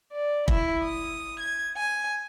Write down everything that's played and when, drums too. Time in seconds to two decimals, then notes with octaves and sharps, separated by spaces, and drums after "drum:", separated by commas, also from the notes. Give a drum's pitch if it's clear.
0.12 D5
0.48 E4, drum: kick
0.83 D#6
1.40 G#6
1.76 G#5